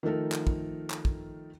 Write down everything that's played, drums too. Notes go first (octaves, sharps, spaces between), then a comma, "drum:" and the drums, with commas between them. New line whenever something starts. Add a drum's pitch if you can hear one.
D#3 F3 A3 D#4 A4 A#4
drum: clap
drum: kick
drum: clap
drum: kick